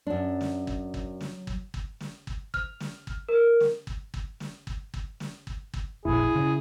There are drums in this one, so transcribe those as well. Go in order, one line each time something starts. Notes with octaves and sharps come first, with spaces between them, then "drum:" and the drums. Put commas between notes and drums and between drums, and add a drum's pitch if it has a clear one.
F#2 F#3 D4
drum: snare
drum: kick
drum: kick
drum: snare
drum: kick
drum: kick
drum: snare
drum: kick
F6, drum: kick
drum: snare
drum: kick
A#4
drum: snare
drum: kick
drum: kick
drum: snare
drum: kick
drum: kick
drum: snare
drum: kick
drum: kick
F1 A#1 E4 G#4
C#3